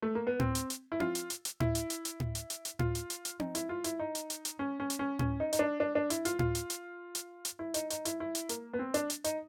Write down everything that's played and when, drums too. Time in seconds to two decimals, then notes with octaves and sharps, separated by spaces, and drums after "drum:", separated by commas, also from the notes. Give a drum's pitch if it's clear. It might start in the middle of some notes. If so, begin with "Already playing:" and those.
0.02 A3
0.15 A#3
0.27 B3
0.40 C4, drum: tom A2
0.55 drum: hi-hat
0.70 drum: hi-hat
0.92 E4
1.00 F4, drum: tom C4
1.15 drum: hi-hat
1.30 drum: hi-hat
1.45 drum: hi-hat
1.60 E4, drum: tom A2
1.75 drum: hi-hat
1.90 drum: hi-hat
2.05 drum: hi-hat
2.20 drum: tom A2
2.35 drum: hi-hat
2.50 drum: hi-hat
2.65 drum: hi-hat
2.79 F4, drum: tom A2
2.95 drum: hi-hat
3.10 drum: hi-hat
3.25 drum: hi-hat
3.40 D#4, drum: tom C4
3.55 E4, drum: hi-hat
3.69 F4
3.84 E4, drum: hi-hat
3.99 D#4
4.15 drum: hi-hat
4.30 drum: hi-hat
4.45 drum: hi-hat
4.59 C#4
4.80 C#4
4.90 drum: hi-hat
4.99 C#4
5.19 C#4, drum: tom A2
5.40 D#4
5.53 D#4, drum: hi-hat
5.59 D4
5.80 D4
5.95 D4
6.10 E4, drum: hi-hat
6.25 F4, drum: hi-hat
6.39 F4, drum: tom A2
6.55 drum: hi-hat
6.70 drum: hi-hat
7.15 drum: hi-hat
7.45 drum: hi-hat
7.59 E4
7.74 D#4, drum: hi-hat
7.90 D#4, drum: hi-hat
8.05 E4, drum: hi-hat
8.20 E4
8.35 drum: hi-hat
8.49 A#3, drum: hi-hat
8.73 B3
8.79 C4
8.94 D4, drum: hi-hat
9.10 drum: hi-hat
9.24 D#4, drum: hi-hat